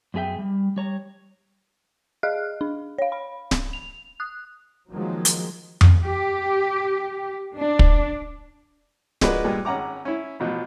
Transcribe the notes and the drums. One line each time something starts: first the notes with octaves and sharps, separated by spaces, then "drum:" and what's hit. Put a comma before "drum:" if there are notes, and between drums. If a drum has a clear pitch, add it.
F#2 B3 G#4 E5 G5
G3
G3 C#5 A#5
G#4 D#5 F5 F6 F#6
D4
C#5 F5
B5
drum: snare D1
F7
D#6 F#6
D#3 F3 F#3 G#3 A#3
drum: hi-hat
drum: tom F2
G4
D4
drum: kick
F3 G#3 D4 F#4 A#4 B4, drum: snare D1
G2 A#2 G#3
G#1 C#4 F#5 A#5 D6
C#4 E4
A1 B2 F3